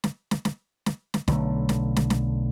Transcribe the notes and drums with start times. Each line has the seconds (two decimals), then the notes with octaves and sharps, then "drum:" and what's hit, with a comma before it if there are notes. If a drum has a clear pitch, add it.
0.04 drum: snare
0.31 drum: snare
0.45 drum: snare
0.86 drum: snare
1.14 drum: snare
1.28 B1 D3 A3, drum: snare
1.69 drum: snare
1.96 drum: snare
2.10 drum: snare